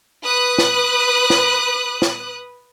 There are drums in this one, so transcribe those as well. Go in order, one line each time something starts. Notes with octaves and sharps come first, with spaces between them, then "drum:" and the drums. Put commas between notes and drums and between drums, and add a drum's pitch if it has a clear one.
B4 D#6 F#6
drum: snare
drum: snare
drum: snare